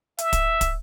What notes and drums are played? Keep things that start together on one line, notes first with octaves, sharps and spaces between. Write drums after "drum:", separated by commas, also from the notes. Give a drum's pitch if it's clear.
E5, drum: hi-hat
drum: kick, hi-hat
drum: kick, hi-hat